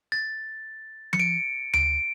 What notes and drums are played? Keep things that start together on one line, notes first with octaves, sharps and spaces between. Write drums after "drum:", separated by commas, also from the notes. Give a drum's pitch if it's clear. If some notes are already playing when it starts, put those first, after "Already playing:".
A6
C#7, drum: tom F3
D7
D7, drum: tom D2